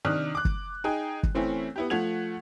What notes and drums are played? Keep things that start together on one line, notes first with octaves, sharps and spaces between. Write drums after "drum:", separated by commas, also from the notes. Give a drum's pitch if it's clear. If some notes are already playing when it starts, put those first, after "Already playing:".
C3 D#3 D4 D#6 F6 F#6
D6 F#6
drum: kick
D#4 G#4 G5
drum: kick
E3 A3 C4 C#4 E4
B3 E4 G4
F3 A3 F#5 G#6 F7